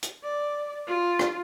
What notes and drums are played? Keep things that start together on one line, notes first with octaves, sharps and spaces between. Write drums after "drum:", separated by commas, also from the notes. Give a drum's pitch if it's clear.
drum: hi-hat
D5
F4
drum: rim click